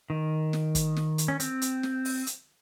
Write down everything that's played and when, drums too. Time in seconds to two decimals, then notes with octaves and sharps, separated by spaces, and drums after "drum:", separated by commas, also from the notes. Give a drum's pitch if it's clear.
0.10 D#3
0.53 drum: snare
0.75 drum: kick, hi-hat
0.96 drum: snare
1.18 drum: hi-hat
1.28 C#4
1.40 C4, drum: hi-hat
1.62 drum: hi-hat
1.83 drum: snare
2.05 drum: open hi-hat
2.27 drum: hi-hat